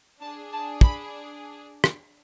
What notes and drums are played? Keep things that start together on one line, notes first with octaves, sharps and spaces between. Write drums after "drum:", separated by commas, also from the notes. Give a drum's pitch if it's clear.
D4 G#4 A5
A5
B5, drum: kick
drum: rim click